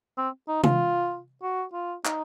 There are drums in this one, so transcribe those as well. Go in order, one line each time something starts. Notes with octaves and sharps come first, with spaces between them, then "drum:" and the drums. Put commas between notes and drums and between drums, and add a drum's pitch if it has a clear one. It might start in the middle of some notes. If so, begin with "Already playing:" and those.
C4
D#4
F4, drum: tom C3
F#4
F4
D#4, drum: clap